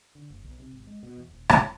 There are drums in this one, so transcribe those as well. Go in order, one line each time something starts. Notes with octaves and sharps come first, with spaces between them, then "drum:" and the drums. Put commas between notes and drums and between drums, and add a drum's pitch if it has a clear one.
D3
F#1
B1
C3
G#1
G#3
B2
E2
D#1
G#2, drum: rim click
F1